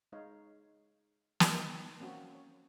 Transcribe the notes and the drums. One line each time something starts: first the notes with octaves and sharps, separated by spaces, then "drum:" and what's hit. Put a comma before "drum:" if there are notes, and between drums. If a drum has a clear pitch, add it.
G#3 D#4 C#5 F5
drum: snare
B3 D#4
A#3 C4 C#4 F#4
C#5